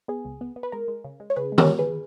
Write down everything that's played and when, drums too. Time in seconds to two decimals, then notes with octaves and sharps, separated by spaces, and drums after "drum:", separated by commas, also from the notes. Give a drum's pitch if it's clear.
0.08 B3 G#4
0.25 C#2
0.41 B3
0.56 B3
0.63 B4
0.72 G#3 A#4
0.88 G#3
1.04 C#3
1.20 G#3
1.30 C#5
1.36 C#3 G#4 B4
1.52 G#3
1.58 A#4 C#5, drum: tom D#3
1.68 G#3
1.79 G#4 B4